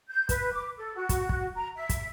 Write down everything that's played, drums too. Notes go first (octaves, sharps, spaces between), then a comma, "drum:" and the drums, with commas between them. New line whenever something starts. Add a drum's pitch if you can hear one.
G6
B4, drum: kick, hi-hat
D6
A4
F#4
drum: kick, hi-hat
drum: kick
A#5
E5
drum: kick, hi-hat